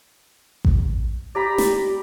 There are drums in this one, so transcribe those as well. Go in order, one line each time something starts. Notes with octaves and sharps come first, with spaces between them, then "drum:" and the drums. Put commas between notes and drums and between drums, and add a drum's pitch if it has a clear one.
drum: kick A1
G4 D5 A#5 B5
drum: snare